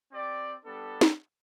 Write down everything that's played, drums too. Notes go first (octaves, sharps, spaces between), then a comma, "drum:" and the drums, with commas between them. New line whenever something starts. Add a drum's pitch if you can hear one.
C4 G4 D5
G3 B3 D4 A4
drum: snare